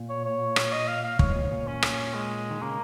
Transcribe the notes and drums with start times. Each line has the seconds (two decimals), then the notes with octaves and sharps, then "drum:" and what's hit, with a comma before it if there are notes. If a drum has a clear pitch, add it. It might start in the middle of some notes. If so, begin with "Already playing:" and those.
Already playing: A#2
0.09 C#5
0.25 C#5
0.56 drum: rim click
0.72 D#5
0.88 F5
1.04 F5
1.19 G#2 C#5, drum: kick
1.30 G#2
1.36 A#2
1.44 G#2
1.51 A#2
1.67 C#4
1.82 drum: rim click
2.14 G#3
2.51 D#3
2.62 C#3 A#3